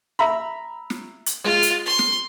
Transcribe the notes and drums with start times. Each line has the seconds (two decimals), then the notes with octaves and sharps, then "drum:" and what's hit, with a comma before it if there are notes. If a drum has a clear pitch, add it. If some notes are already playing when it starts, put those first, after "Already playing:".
0.19 E5 A#5 B5
0.90 drum: snare
1.26 drum: hi-hat
1.44 G#3 F4
1.63 drum: hi-hat
1.86 C6
1.99 drum: snare